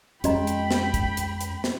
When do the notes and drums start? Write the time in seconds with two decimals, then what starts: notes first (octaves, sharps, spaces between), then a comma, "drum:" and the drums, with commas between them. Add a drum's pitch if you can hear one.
0.24 F2 G#3 C#4 F#4 D#5 G5 A#5 B5, drum: hi-hat
0.47 drum: hi-hat
0.71 drum: snare
0.94 drum: kick, hi-hat
1.17 drum: hi-hat
1.41 drum: hi-hat
1.64 drum: snare